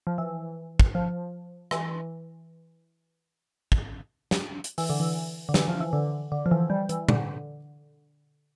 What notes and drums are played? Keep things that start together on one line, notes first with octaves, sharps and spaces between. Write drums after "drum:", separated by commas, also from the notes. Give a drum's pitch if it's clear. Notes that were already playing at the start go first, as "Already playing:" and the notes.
F3
E3
drum: kick
F3
E3, drum: rim click
drum: kick
drum: snare
drum: hi-hat
E3, drum: open hi-hat
D3
E3
D3
E3, drum: snare
F3
E3
D3
D3
F3
E3
G3
E3, drum: hi-hat
D3, drum: tom A#2